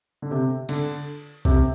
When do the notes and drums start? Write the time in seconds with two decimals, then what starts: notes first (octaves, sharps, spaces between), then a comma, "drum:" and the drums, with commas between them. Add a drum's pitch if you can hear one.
0.22 D3
0.31 C3
0.69 D3, drum: cymbal
1.45 C3, drum: kick B1